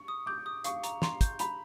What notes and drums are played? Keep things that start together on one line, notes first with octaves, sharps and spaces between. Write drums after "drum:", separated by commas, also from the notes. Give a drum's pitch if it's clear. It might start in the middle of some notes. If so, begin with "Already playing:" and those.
Already playing: C#6
D#6
D6 G6
D#6
F5 C#6, drum: hi-hat
A#5, drum: hi-hat
A#5 C6, drum: snare
G6, drum: kick, hi-hat
A#5 B5, drum: hi-hat